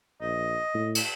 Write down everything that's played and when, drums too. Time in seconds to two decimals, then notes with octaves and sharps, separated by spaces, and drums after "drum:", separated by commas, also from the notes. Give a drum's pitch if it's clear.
0.21 A#1 D#5
0.74 A2
0.95 drum: cymbal